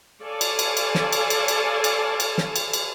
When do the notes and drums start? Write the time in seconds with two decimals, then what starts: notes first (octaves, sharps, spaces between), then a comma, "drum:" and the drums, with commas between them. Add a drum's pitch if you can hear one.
0.23 A4 C#5 D5 F5 G#5 A5
0.41 drum: cymbal
0.59 drum: cymbal
0.77 drum: cymbal
0.95 drum: snare
1.13 drum: cymbal
1.30 drum: cymbal
1.48 drum: cymbal
1.84 drum: cymbal
2.20 drum: cymbal
2.38 drum: snare
2.56 drum: cymbal
2.73 drum: cymbal